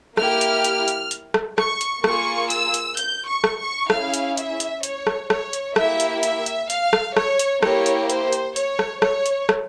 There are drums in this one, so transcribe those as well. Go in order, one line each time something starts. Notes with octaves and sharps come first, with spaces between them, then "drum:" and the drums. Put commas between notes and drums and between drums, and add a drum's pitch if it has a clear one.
A#3 E4 G4 F6, drum: rim click
drum: hi-hat
drum: hi-hat
drum: hi-hat
drum: hi-hat
drum: rim click
C#6, drum: rim click
drum: hi-hat
A#3 F4 G#4 C#6, drum: rim click
E6, drum: hi-hat
drum: hi-hat
G6, drum: hi-hat
C#6
drum: rim click
C#6
C#4 E4 G#4 F5, drum: rim click
drum: hi-hat
E5, drum: hi-hat
drum: hi-hat
C#5, drum: hi-hat
drum: rim click
C#5, drum: rim click
drum: hi-hat
A#3 E4 G4 E5, drum: rim click
drum: hi-hat
E5, drum: hi-hat
drum: hi-hat
F5, drum: hi-hat
drum: rim click
C#5, drum: rim click
drum: hi-hat
A#3 E4 G4 C#5, drum: rim click
drum: hi-hat
C5, drum: hi-hat
drum: hi-hat
C#5, drum: hi-hat
drum: rim click
C#5, drum: rim click
drum: hi-hat
drum: rim click